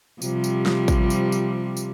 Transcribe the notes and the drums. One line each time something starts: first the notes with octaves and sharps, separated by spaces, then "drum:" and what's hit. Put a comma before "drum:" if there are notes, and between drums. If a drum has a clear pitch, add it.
C3 F3 G3, drum: tambourine
drum: tambourine
drum: snare
drum: kick A1, tambourine
drum: tambourine
drum: tambourine
drum: tambourine